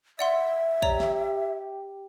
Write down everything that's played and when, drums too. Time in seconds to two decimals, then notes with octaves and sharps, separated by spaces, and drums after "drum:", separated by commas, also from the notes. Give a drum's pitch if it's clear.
0.19 D5 E5 F#5 C6
0.82 G4 C#5 D5 A#5, drum: kick
1.00 drum: snare